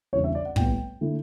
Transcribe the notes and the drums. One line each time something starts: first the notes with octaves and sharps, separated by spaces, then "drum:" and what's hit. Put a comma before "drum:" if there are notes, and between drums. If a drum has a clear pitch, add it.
E2 C#3 E3 G3 D4 C#5
E5
D5
F#5
A2 G3 B3 G5, drum: kick
D3 A3 E4